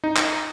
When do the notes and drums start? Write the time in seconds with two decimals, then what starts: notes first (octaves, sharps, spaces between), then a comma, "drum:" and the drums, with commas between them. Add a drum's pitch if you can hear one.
0.04 D#4
0.17 drum: clap